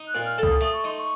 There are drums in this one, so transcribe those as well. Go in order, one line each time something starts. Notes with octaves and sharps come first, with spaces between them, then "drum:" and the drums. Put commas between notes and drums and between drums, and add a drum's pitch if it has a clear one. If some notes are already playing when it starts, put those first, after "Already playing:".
Already playing: D#4
F#6
A#2
F6
A4
D#6, drum: kick C#2
A3 D#6, drum: hi-hat
C#6
D#4 C6
C#6